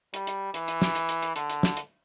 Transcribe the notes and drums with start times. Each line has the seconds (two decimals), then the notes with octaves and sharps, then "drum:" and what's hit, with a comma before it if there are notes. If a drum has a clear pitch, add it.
0.14 G3, drum: hi-hat
0.27 drum: hi-hat
0.54 E3, drum: hi-hat
0.68 drum: hi-hat
0.82 drum: snare
0.95 drum: hi-hat
1.09 drum: hi-hat
1.22 drum: hi-hat
1.36 D3, drum: hi-hat
1.50 drum: hi-hat
1.63 drum: snare
1.77 drum: hi-hat